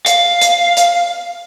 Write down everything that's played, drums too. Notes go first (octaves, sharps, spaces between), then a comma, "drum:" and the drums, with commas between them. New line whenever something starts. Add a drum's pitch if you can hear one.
F5, drum: hi-hat
drum: hi-hat
drum: hi-hat